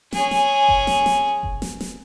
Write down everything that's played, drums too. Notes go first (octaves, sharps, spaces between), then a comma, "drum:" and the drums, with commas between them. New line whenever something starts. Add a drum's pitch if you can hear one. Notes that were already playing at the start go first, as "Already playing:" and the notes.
C#4 G#4, drum: snare
drum: snare
drum: kick F#1
drum: snare
drum: snare
drum: kick F#1
drum: snare
drum: snare